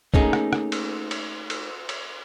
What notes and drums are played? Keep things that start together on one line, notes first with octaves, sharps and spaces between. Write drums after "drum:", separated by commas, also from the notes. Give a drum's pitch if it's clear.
A3 A#3 C#4 D#4 G#4, drum: kick B1
drum: rim click
drum: rim click
drum: cymbal
drum: cymbal
drum: cymbal
drum: cymbal